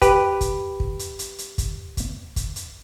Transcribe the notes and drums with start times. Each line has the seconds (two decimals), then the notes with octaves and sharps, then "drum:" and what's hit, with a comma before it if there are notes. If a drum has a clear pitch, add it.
0.02 G4 B4, drum: kick, hi-hat
0.41 drum: kick, hi-hat
0.80 drum: kick
0.99 drum: hi-hat
1.19 drum: hi-hat
1.38 drum: hi-hat
1.58 drum: kick, hi-hat
1.97 drum: kick, hi-hat
2.36 drum: kick, hi-hat
2.56 drum: hi-hat